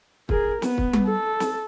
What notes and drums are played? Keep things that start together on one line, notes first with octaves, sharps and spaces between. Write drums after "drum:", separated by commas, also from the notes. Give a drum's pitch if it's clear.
G#4 A#4, drum: kick
B3, drum: snare
drum: kick
drum: tom G3
A4
drum: snare